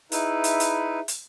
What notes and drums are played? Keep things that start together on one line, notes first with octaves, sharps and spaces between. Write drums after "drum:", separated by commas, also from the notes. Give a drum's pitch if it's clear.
D#4 E4 G#4 B4 E5, drum: hi-hat
drum: hi-hat
drum: hi-hat
drum: hi-hat